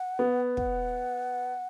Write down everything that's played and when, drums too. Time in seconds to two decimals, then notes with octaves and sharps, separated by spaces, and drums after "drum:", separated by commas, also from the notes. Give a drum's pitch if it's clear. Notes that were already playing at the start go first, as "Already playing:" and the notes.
Already playing: F#5
0.19 B3
0.57 F#5, drum: kick